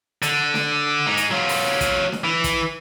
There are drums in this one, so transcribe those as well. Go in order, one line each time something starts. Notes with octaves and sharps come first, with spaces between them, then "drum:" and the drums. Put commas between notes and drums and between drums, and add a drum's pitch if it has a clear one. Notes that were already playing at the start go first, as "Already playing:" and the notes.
D3, drum: hi-hat
drum: snare D4
G#3 D#4
drum: hi-hat
F#3 F4
drum: open hi-hat
drum: kick, hi-hat
drum: snare D4
E3
drum: kick, hi-hat